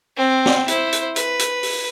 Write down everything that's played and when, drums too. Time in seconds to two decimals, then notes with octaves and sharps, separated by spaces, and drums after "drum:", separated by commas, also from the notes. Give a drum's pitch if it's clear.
0.17 C4
0.46 drum: snare
0.68 E4 C5, drum: hi-hat
0.93 drum: hi-hat
1.16 B4, drum: hi-hat
1.39 drum: hi-hat
1.63 drum: open hi-hat